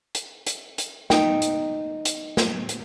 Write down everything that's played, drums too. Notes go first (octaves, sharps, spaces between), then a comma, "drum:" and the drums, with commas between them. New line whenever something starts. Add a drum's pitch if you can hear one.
drum: hi-hat
drum: hi-hat
drum: hi-hat
D#4 G5, drum: snare
drum: hi-hat
drum: hi-hat
drum: snare
drum: hi-hat